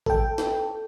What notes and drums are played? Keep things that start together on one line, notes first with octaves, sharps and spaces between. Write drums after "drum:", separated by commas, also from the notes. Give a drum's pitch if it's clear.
A4 G5, drum: kick
drum: snare